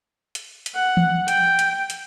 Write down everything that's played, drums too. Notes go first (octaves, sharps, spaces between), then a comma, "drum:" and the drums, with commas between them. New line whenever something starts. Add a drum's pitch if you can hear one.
drum: hi-hat
drum: hi-hat
F#5
drum: tom E3
G5, drum: hi-hat
drum: hi-hat
drum: hi-hat